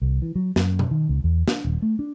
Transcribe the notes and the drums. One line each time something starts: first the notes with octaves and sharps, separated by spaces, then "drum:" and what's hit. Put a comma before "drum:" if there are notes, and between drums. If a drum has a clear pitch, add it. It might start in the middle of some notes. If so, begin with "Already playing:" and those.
C2
E3
F#3
F#2, drum: snare
drum: tom B2
D#3
C#2
E2
D4, drum: snare
D#1
A3
D4